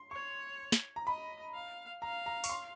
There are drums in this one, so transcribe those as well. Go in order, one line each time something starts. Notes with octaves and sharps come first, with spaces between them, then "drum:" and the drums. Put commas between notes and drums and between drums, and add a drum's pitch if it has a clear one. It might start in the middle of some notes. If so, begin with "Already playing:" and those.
Already playing: C6
C#5 C#6
drum: snare
A#5
D#5 B5
F5
F5 A#5
A#5
C#6, drum: open hi-hat
C6